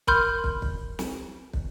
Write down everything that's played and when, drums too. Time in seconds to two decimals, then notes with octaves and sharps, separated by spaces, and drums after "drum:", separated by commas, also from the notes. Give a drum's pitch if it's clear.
0.07 A#4 B5 C6 F6 G6, drum: kick
0.44 drum: kick
0.62 drum: kick
0.99 drum: snare
1.53 drum: kick